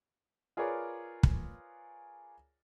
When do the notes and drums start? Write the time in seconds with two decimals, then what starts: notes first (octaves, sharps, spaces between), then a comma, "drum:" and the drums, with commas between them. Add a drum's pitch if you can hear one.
0.57 F4 G#4 A#4 B4 C#5 D5
1.23 drum: kick